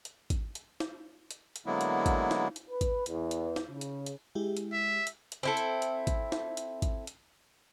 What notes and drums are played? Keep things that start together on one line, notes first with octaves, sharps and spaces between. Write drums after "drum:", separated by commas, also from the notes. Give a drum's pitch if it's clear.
drum: hi-hat
drum: kick G#1, hi-hat
drum: hi-hat
drum: snare
drum: hi-hat
drum: hi-hat
D3 F#3 G#3 A#3 B3 E4
drum: hi-hat
drum: kick G#1, hi-hat
drum: snare
drum: hi-hat
B4
drum: kick G#1, hi-hat
E2, drum: hi-hat
drum: hi-hat
drum: snare
C#3
drum: hi-hat
drum: hi-hat
G#3 E4 G4
drum: hi-hat
E5
drum: hi-hat
drum: hi-hat
C4 E4 A4
drum: hi-hat
drum: hi-hat
drum: kick G#1, hi-hat
drum: snare
drum: hi-hat
drum: kick G#1, hi-hat
drum: hi-hat